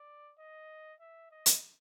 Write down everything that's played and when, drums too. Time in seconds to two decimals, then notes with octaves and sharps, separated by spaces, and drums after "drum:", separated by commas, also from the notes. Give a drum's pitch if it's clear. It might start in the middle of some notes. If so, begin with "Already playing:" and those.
Already playing: D5
0.39 D#5
1.00 E5
1.31 D#5
1.46 drum: hi-hat